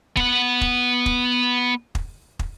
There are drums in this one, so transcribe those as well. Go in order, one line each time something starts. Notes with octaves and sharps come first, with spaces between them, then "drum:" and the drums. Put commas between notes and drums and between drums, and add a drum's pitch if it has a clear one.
B3 F#5, drum: kick
drum: kick
drum: kick
drum: kick
drum: kick